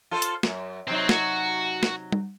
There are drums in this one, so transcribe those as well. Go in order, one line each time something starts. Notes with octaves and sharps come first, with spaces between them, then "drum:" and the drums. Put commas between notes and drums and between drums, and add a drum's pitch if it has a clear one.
F4 A4 C5
drum: hi-hat
F#2, drum: snare
C3 F#3 C4 D#4 C5
F#4, drum: snare
drum: snare
drum: tom G3